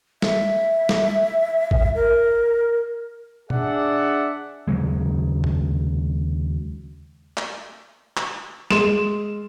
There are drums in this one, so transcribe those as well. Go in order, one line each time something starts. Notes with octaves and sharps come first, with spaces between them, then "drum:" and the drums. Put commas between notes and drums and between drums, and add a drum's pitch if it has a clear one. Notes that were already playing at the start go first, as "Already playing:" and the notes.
E5, drum: snare G3
drum: snare G3
drum: kick
A#4
D4 G#4 D5 E5 F#5, drum: tom B2
D#2 C#3 F#3 G#3
drum: tom E2
drum: clap
drum: clap
G#3 C6 E7, drum: snare G3